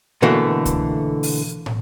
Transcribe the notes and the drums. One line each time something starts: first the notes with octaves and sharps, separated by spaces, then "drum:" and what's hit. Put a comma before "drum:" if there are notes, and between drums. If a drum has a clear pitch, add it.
B2 D3 E3 A3 A#3 F#4
drum: kick C2, hi-hat
drum: open hi-hat
drum: tom